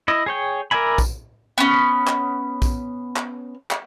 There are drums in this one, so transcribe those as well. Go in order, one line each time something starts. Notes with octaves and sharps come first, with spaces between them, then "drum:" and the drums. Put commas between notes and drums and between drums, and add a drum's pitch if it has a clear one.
E4 D#5
G#4 C#5 G5
A#4 D5 E5 G#5 B5
drum: kick, tambourine
B3 C#4
drum: clap
drum: kick, tambourine
drum: clap
drum: clap